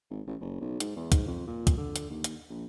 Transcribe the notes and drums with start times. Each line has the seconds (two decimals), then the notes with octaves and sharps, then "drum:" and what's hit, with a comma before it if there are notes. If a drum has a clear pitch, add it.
0.10 G#1
0.27 A1
0.41 F#1
0.60 B1
0.80 G#2, drum: hi-hat
0.96 E2
1.12 G#2, drum: kick, hi-hat
1.27 F2
1.47 A#2
1.67 drum: kick, hi-hat
1.77 D3
1.96 drum: hi-hat
2.10 D#2
2.24 drum: hi-hat
2.49 A#1